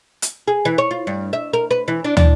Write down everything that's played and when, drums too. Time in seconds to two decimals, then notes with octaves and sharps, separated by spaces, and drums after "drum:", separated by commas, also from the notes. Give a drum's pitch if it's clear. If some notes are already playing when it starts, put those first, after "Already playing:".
0.22 drum: hi-hat
0.48 G#4
0.65 E3
0.78 C#5
0.91 F4
1.07 G2
1.33 E5
1.53 A#4
1.71 B4
1.88 E3
2.04 D4
2.17 D4, drum: tom